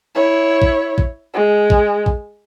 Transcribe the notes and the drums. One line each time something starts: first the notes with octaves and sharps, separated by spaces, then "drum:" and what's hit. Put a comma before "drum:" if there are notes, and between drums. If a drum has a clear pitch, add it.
E4 C#5
drum: kick
drum: kick
G#3
drum: kick
drum: kick